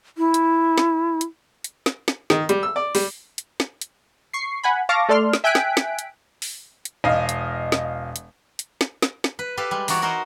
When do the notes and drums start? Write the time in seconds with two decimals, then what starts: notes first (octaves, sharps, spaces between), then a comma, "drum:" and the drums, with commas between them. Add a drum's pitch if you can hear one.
0.18 E4
0.34 drum: hi-hat
0.78 drum: snare
1.21 drum: hi-hat
1.64 drum: hi-hat
1.86 drum: snare
2.08 drum: snare
2.30 D#3, drum: snare
2.49 G3, drum: hi-hat
2.63 E6
2.76 D5
2.95 G3, drum: open hi-hat
3.38 drum: hi-hat
3.60 drum: snare
3.81 drum: hi-hat
4.34 C#6 C7
4.63 F#5 G#5 B5
4.89 F5 A5 C#6 D6 A#6
5.09 A3 A4 D5 C6 F6
5.33 drum: snare
5.44 E5 G5 G#5 F#6 B6 D7
5.55 drum: snare
5.77 drum: snare
5.99 drum: hi-hat
6.42 drum: open hi-hat
6.85 drum: hi-hat
7.04 E1 D#5 F5
7.29 drum: hi-hat
7.72 drum: snare
8.16 drum: hi-hat
8.59 drum: hi-hat
8.81 drum: snare
9.02 drum: snare
9.24 drum: snare
9.39 B4
9.57 G4 A4 B4 F5
9.71 G3 G#3
9.88 E3 D#4 F#4 C#5 D5, drum: open hi-hat
10.02 D#4 F#4 A#4 C5 D#5